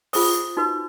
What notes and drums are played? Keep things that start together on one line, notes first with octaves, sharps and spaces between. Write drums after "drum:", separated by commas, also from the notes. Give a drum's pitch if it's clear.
F4 G#4 C5 D#6, drum: open hi-hat
D#4 F#4 B4